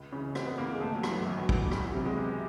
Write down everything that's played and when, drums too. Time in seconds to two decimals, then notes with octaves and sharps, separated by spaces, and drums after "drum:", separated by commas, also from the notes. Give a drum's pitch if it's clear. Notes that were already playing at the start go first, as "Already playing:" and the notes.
Already playing: C#2
0.12 C#3 E3 C#4
0.35 C#2 C4, drum: rim click
0.46 B3
0.58 C#3 E3 A#3
0.75 G#3
0.81 G#1 A3
0.96 F#3
1.03 G2 E3, drum: rim click
1.11 F#3
1.26 G#1
1.37 F#3
1.49 G2 E3, drum: kick
1.71 E2 G3, drum: rim click
1.83 F#3
1.94 C3 E3 G3
2.05 G#3
2.17 E2